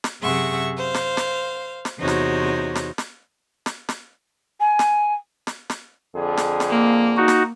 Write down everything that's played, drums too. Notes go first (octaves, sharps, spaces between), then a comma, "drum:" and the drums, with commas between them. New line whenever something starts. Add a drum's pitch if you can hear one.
drum: snare
F#2 C3 G#4 E5 F#5 C#6
C5 F5
drum: snare
drum: snare
drum: snare
E2 C3 D#4 F#4 C5 C#5
drum: snare
drum: snare
drum: snare
drum: snare
drum: snare
G#5
drum: snare
drum: snare
drum: snare
F2 D3 G#4
drum: snare
drum: snare
A#3
D#4 F#4
drum: snare